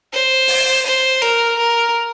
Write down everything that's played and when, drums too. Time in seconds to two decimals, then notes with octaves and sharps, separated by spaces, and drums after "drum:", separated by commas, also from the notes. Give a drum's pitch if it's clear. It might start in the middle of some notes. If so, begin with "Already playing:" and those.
0.13 C5
0.48 drum: open hi-hat
0.86 C5
1.22 A#4, drum: cymbal
1.58 A#4